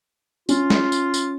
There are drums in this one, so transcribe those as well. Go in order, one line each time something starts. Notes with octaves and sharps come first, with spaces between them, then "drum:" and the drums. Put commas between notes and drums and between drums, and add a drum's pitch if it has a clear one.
C#4 F4, drum: tambourine
drum: snare
drum: tambourine
drum: tambourine